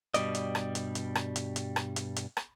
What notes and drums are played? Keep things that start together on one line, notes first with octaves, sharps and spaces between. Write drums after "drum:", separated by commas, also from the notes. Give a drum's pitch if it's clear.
G2 B2 G3 B3 D5 D#5, drum: hi-hat
drum: hi-hat
drum: rim click
drum: hi-hat
drum: hi-hat
drum: rim click
drum: hi-hat
drum: hi-hat
drum: rim click
drum: hi-hat
drum: hi-hat
drum: rim click